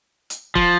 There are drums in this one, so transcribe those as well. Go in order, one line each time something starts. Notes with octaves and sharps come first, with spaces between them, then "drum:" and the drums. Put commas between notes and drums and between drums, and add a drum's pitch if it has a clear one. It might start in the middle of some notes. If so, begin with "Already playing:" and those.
drum: hi-hat
F3, drum: kick